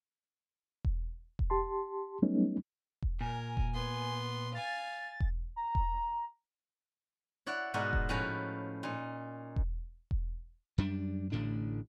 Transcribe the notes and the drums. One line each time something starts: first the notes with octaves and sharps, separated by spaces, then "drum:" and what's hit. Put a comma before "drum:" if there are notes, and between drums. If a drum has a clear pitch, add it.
drum: kick E1
drum: kick E1
G4 A5 C6
F#3 G3 A3 B3 C#4 D#4
drum: kick E1
A#2 A#4 G#5
drum: kick E1
B3 C6
F5 G#5 A6
drum: kick E1
A#5
drum: kick E1
E4 C#5 D5 F#5
G#2 B2 D#4 F#4 A#4 D5
drum: kick E1
A2 F3 C#4 B4 G#5 A#5
A#2 D#4
drum: kick E1
drum: kick E1
F#2 G3 D4
A1 A2 D3 D4